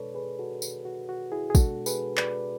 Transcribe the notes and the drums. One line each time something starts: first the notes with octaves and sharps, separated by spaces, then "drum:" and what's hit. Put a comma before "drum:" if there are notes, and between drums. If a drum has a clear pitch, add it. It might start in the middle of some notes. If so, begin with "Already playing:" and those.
Already playing: B2 G#3 D4 A4 B4 C#5 D5
G#4 B4
F#4 A4
drum: tambourine
F#4
F#4
E4 G#4
G#4
B2 G#3 D4 F#4 A4, drum: kick, tambourine
G#4 B4, drum: tambourine
B4 D5, drum: clap